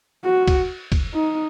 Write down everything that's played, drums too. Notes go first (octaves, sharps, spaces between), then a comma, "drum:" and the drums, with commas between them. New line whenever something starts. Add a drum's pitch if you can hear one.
F#4
drum: kick, cymbal
drum: kick, cymbal
D#4